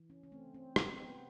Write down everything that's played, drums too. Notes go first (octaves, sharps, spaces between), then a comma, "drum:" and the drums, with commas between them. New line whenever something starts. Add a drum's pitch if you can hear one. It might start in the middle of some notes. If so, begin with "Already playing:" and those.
Already playing: E3
C#4
C#4
A3 C4
C4
C3 B3, drum: rim click
C4
B3